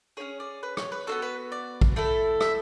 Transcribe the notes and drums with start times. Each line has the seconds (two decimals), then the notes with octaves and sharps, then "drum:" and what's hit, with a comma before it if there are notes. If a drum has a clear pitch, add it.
0.17 C#4 E4 G#4 C#5
0.40 D5
0.63 B4
0.77 C#5, drum: rim click
0.92 B4
1.07 B3 D4 F#4 A4
1.22 B4
1.52 D5
1.81 drum: kick
1.96 A3 E4 A4
2.41 E5, drum: rim click